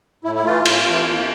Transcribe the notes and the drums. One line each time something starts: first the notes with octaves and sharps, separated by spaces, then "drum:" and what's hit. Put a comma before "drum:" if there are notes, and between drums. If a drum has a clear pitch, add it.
A2 E4
E4
E3 A3 F4
A2, drum: cymbal
E3 A3
D#2